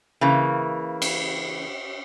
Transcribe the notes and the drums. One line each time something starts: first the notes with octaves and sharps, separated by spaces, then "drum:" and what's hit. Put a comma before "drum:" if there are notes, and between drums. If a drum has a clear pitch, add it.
C#3 E3 A#3
drum: cymbal